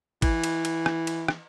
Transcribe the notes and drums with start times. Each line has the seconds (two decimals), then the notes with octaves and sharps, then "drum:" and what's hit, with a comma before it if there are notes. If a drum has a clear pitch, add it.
0.22 E3, drum: kick G#1, cymbal
0.44 drum: cymbal
0.65 drum: cymbal
0.86 drum: rim click
1.07 drum: cymbal
1.28 drum: rim click